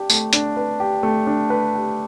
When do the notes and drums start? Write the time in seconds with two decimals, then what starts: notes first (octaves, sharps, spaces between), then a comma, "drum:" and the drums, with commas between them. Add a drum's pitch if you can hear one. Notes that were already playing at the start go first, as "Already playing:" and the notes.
Already playing: D4 G4
0.10 A3, drum: tambourine
0.33 D4, drum: hi-hat
0.57 B4
0.80 G4
1.03 A3
1.27 D4
1.50 B4
1.74 G4